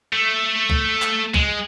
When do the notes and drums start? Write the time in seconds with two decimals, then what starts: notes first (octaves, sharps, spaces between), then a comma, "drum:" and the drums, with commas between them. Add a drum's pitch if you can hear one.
0.13 A3
0.70 drum: kick
1.02 drum: clap
1.34 G#3, drum: kick